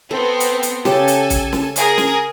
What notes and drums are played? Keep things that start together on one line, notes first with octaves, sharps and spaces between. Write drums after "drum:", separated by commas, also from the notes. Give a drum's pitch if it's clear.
B3 C4 A4
drum: hi-hat
drum: hi-hat
C#3 G4 A4 G#5, drum: snare
drum: hi-hat
drum: kick, hi-hat
drum: snare
G#4 A#4, drum: hi-hat
drum: snare